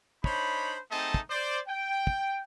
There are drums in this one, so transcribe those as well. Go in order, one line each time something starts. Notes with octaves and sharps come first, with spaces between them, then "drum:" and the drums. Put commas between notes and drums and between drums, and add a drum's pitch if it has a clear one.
D4 D#4 C5 C#5 B5, drum: kick
A3 C4 D#4 G#4 D#5 A5
drum: kick
C5 D5
G5
drum: kick